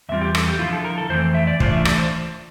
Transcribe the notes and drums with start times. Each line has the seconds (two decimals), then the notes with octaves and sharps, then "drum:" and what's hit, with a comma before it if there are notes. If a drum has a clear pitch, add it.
0.09 E2 E3 G3 C4 F4 E5
0.21 G4
0.35 A4, drum: rim click
0.48 G4
0.59 D3 F3 C4 E4 F4
0.73 A4
0.84 A#4
0.98 A4
1.09 F2 E3 A3 C4 C5
1.34 E5
1.47 D5
1.60 E3 A3 D4 F4 C5, drum: kick
1.72 E5
1.85 D5, drum: rim click
1.98 C5